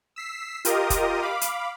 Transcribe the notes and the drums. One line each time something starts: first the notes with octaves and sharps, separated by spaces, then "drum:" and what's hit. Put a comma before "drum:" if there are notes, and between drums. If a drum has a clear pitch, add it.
E6 B6 C7
F4 G4 A#4 D#5 D#6, drum: hi-hat
drum: kick, hi-hat
F5 B5 D6
drum: hi-hat